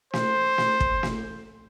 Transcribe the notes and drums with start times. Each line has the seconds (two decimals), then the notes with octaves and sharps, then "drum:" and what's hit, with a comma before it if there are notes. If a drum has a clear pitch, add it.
0.13 C5, drum: snare
0.58 drum: snare
0.80 drum: kick
1.03 drum: snare